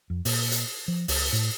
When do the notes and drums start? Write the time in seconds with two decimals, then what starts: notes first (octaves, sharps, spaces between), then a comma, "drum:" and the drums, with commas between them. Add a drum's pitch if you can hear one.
0.10 F2
0.25 A#2, drum: open hi-hat
0.52 drum: hi-hat
0.88 F3
1.08 C#2, drum: open hi-hat
1.33 A2